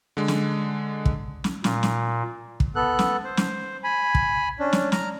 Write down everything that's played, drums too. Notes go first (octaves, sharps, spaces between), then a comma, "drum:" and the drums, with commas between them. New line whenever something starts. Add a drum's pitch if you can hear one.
D3 G#3
drum: snare
drum: kick
drum: snare
A#2, drum: snare
drum: snare
drum: kick
B3 A4 F#6
drum: snare
C5
drum: snare
G#5 B5
drum: kick
C#4 D4
drum: snare
A#5 F6, drum: snare